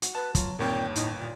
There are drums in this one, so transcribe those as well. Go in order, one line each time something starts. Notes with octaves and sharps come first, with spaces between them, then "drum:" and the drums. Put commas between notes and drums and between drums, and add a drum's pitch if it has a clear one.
F#4, drum: hi-hat
B4 A5
F#3 F4, drum: kick, hi-hat
G1 D#2 A#2 C4 A#4 C#5 G5
A2 D#3 D#4, drum: hi-hat
A#2 D5